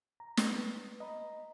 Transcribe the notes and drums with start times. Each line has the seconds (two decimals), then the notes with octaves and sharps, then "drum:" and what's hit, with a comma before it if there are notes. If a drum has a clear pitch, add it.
0.20 A#5
0.37 drum: snare
0.49 B4
1.00 D#5 A#5 B5